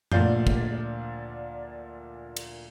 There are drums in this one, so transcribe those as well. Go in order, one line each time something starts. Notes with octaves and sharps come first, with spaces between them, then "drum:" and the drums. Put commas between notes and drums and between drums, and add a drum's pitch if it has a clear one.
D2 A#2 F3 D5 F5 G6, drum: tom F#2
drum: kick
drum: cymbal